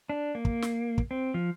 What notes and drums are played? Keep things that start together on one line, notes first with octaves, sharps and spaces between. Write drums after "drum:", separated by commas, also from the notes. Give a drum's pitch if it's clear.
D4
A#3
drum: kick
drum: snare
drum: kick
C4
F3